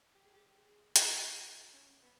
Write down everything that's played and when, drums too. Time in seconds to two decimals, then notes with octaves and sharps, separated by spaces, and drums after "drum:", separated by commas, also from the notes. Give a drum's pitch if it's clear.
0.15 G4
0.25 G#4
0.34 G4
0.58 G#4
0.96 drum: hi-hat
1.45 D#4
1.73 C#4
2.03 B3